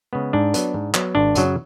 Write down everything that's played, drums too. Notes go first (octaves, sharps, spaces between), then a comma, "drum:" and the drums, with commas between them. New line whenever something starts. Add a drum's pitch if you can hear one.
C#3 G#3 B3
G#2 D4
F#3 B3, drum: hi-hat
G#2
F#3 B3, drum: clap
G#1 D4
F#2 C#3 F#3, drum: hi-hat